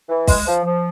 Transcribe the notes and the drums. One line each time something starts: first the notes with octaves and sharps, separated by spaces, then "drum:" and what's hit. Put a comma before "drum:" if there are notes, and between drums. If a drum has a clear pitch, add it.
E3
G#3, drum: kick, open hi-hat
F3
F3